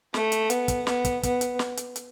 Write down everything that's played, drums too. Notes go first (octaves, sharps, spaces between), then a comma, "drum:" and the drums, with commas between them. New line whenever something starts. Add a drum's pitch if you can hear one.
A3, drum: snare
drum: hi-hat
B3, drum: hi-hat
drum: kick, hi-hat
B3, drum: snare
drum: kick, hi-hat
B3, drum: kick, hi-hat
drum: hi-hat
drum: snare
drum: hi-hat
drum: hi-hat